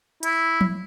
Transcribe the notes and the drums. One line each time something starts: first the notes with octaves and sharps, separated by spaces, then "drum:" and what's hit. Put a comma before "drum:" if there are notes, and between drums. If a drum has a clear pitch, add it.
E4, drum: hi-hat
drum: tom F3